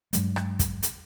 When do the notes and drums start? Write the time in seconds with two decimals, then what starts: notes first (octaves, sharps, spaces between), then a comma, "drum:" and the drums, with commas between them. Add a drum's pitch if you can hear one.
0.13 G2 F#3 G#3, drum: hi-hat
0.36 drum: rim click
0.59 drum: kick, hi-hat
0.83 drum: hi-hat